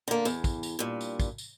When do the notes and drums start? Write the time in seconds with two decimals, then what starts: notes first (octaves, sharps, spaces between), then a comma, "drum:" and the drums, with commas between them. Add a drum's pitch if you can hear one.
0.08 D3 A#3
0.25 E2, drum: tambourine
0.44 drum: kick, tambourine
0.63 drum: tambourine
0.79 G2 A#2
1.01 drum: tambourine
1.20 drum: kick, tambourine
1.38 drum: tambourine